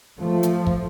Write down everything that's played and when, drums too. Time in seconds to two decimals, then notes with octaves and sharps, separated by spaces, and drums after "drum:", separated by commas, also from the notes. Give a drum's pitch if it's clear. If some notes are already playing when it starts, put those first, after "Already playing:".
0.19 F3 A3
0.43 drum: hi-hat
0.67 drum: kick